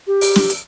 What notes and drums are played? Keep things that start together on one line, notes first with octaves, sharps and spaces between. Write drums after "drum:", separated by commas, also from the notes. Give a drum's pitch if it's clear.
G4
drum: open hi-hat
drum: snare
drum: hi-hat